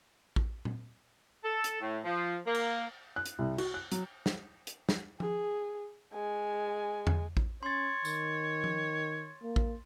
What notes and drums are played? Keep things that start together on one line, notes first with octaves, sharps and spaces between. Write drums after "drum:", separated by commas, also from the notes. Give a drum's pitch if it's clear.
drum: kick
drum: tom A#2
A4
drum: hi-hat
A2
F3
A#3
drum: cymbal
F#6
drum: hi-hat
C2
F#4, drum: cymbal
F#6
F#3, drum: hi-hat
drum: snare
drum: hi-hat
drum: snare
G#4, drum: tom
G#3 G#5
drum: tom E2
drum: kick
C#4 C#5 C6 A6
D#3, drum: tambourine
drum: tom
A#3
drum: kick